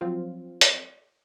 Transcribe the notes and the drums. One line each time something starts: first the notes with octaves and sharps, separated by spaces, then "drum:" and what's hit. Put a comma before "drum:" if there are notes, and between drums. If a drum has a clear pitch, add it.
F3 F#3 C4 F4
drum: hi-hat